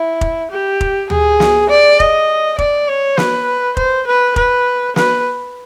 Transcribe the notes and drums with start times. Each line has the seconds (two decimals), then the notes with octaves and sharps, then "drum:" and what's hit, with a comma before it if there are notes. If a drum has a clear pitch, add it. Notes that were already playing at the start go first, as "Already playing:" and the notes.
Already playing: E4
0.21 drum: kick F1
0.51 G4
0.81 drum: kick F1
1.10 G#4, drum: tom D2
1.40 drum: snare
1.70 D5
2.00 D#5, drum: kick F1
2.58 D5, drum: kick F1
2.88 C#5
3.18 B4, drum: snare
3.77 C5, drum: kick F1
4.07 B4
4.36 B4, drum: kick F1
4.96 B4, drum: snare